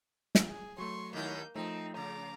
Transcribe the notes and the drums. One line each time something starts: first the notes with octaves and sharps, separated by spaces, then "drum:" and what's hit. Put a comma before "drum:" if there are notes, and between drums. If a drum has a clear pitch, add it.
drum: snare
G#4
F#3 A3 C6 C#6
D#2 A#3 D#4 E4 G6
F3 A3 C4 D#4
C#3 A#5 D6